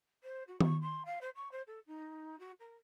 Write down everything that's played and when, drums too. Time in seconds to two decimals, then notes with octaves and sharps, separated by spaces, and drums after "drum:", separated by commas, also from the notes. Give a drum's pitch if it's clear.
0.23 C5
0.47 F#4
0.61 C#6, drum: tom D#3
0.82 C6
1.05 F5
1.21 C5
1.35 C#6
1.51 C5
1.67 A4
1.87 D#4
2.39 F#4
2.60 A#4